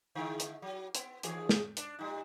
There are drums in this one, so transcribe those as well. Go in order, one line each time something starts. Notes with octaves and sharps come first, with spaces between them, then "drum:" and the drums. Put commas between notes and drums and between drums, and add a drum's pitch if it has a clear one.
D3 G#3 E4
drum: hi-hat
F#3
B3, drum: hi-hat
D#2 E3 G#4, drum: hi-hat
drum: snare
D4, drum: hi-hat
A2 G3 D#4